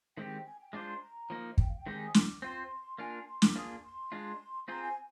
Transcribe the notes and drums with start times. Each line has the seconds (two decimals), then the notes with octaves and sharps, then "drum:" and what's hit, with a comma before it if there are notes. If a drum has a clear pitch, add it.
0.17 D#3 G#3 C4 G4 G5
0.45 G#5
0.59 G5
0.73 G#3 D4 F4 C5 D6
0.88 C6
1.02 A#5
1.30 F3 A#3 D#4
1.58 G5, drum: kick
1.68 F5
1.77 G5
1.86 D#3 G#3 C4 D#4 G4 G#5
2.06 D#6
2.14 D6, drum: snare
2.42 C4 F4 C5 C6
2.98 A#3 D4 F4 A#4 G#5
3.27 C6
3.42 D6, drum: snare
3.55 A#3 D4 F4 G#4 D#6
3.83 C6
4.12 G#3 D4 F4
4.68 C4 F4 G#4 C5 A#5
4.82 G#5